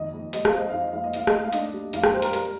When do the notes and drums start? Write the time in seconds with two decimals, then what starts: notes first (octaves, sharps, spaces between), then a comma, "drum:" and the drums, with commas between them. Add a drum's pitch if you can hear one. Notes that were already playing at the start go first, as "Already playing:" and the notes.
Already playing: F2 D#3 D#5
0.14 F2
0.33 G3 D#5, drum: hi-hat
0.45 F5, drum: rim click
0.53 C4 D#5
0.69 F2 F5
0.81 D#5
0.92 F2 F5
1.04 D#5
1.14 C2 F5, drum: hi-hat
1.27 D#5, drum: rim click
1.34 A3
1.44 F5
1.53 D4 D#5, drum: hi-hat
1.73 G3
1.93 F2 F5, drum: hi-hat
2.03 G5, drum: rim click
2.14 G3 C5
2.22 A#4, drum: hi-hat
2.33 G3 A#4, drum: hi-hat